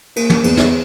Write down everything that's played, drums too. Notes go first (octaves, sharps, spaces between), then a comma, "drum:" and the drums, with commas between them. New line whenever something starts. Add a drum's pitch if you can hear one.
A#3, drum: cymbal
drum: tom
E2, drum: cymbal
drum: snare